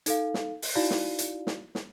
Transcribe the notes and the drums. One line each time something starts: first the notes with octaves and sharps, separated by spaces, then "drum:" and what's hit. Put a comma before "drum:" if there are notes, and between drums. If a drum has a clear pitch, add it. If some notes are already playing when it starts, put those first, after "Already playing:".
D#4 A4 F5, drum: hi-hat
drum: snare
drum: open hi-hat
D#4 E4 F#4 D5 F5
drum: snare
drum: hi-hat
drum: snare
drum: snare